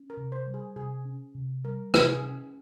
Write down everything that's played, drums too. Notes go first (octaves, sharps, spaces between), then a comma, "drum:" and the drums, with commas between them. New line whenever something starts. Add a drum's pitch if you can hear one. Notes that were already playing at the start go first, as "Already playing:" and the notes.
Already playing: C#4
A#4
C3
C5
G3
G#4
C3 G#4
C#4
C3
G3 A#4
C3, drum: rim click
G#4
C#4